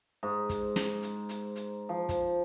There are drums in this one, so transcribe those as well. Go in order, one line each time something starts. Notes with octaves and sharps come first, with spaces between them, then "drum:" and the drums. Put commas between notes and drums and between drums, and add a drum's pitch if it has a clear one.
G#2
drum: kick, hi-hat
drum: snare
drum: hi-hat
drum: hi-hat
drum: hi-hat
F3
drum: kick, hi-hat